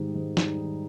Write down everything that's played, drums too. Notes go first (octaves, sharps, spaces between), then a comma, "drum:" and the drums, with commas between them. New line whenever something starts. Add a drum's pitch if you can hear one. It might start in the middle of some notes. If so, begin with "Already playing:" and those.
Already playing: G#2 D#3 G3 G4
G#2
G3 D#4, drum: snare
D#3